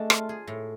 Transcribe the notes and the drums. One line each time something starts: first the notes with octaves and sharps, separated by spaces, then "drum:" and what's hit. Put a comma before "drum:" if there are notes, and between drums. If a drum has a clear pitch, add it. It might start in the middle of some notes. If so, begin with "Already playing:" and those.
Already playing: G#3 A3 D4 G#4
F4, drum: rim click
G#4
A2